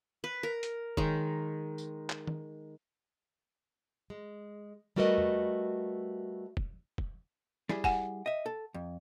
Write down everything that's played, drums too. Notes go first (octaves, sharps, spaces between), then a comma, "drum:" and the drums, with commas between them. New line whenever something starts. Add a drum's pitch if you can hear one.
B4
A#4
drum: hi-hat
D#3 G#3, drum: kick
drum: tambourine
drum: clap
drum: tom D#3
G#3
G3 A3 F#4 A#4 B4 D#5
drum: tom E2
drum: kick
drum: kick
G3 E4 G#4, drum: snare
F#5 G#5, drum: kick
D#5 E5
A4
F2